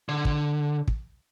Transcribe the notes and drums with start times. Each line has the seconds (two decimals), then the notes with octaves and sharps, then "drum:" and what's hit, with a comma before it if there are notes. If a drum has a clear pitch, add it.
0.09 D3
0.25 drum: kick
0.88 drum: kick